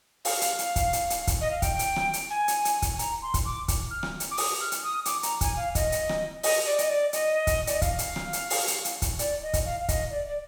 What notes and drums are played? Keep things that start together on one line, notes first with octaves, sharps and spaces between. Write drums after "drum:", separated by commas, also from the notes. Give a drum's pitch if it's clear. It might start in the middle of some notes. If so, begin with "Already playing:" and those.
F5, drum: open hi-hat
drum: hi-hat
drum: hi-hat
drum: kick, hi-hat
drum: hi-hat
drum: hi-hat
drum: kick, hi-hat
D#5
F5
G5, drum: kick, hi-hat
drum: hi-hat
drum: rim click
drum: hi-hat
G#5
drum: hi-hat
drum: hi-hat
drum: kick, hi-hat
G#5
A#5, drum: hi-hat
C6
drum: kick, hi-hat
D6
drum: kick, hi-hat
F6
drum: rim click
drum: hi-hat
D6
D#6, drum: open hi-hat
F6
drum: hi-hat
D#6
D6, drum: hi-hat
A#5, drum: hi-hat
G#5, drum: kick, hi-hat
F5
D#5, drum: kick, hi-hat
drum: hi-hat
drum: rim click
D#5, drum: open hi-hat
D5
D#5, drum: hi-hat
D5
D#5, drum: hi-hat
drum: kick, hi-hat
D5, drum: hi-hat
D#5
F5, drum: kick, hi-hat
drum: hi-hat
drum: rim click
drum: hi-hat
drum: open hi-hat
drum: hi-hat
drum: hi-hat
drum: kick, hi-hat
D5, drum: hi-hat
D#5
drum: kick, hi-hat
F5
F5
D#5, drum: kick, hi-hat
D5
D5